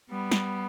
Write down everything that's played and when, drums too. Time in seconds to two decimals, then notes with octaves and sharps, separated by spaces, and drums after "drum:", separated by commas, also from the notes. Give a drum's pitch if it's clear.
0.10 G3 B3
0.32 drum: snare